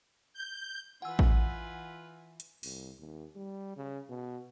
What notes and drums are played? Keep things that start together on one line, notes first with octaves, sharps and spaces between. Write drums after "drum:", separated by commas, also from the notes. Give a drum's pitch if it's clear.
G6
E3 F4 B4 F#5 G#5 E6
drum: kick A1
drum: hi-hat
C2, drum: open hi-hat
D#2
G3
C#3
B2